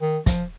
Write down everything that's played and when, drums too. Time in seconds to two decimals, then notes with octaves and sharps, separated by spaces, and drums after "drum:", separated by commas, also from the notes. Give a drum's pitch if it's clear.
0.01 D#3
0.26 F3, drum: kick, hi-hat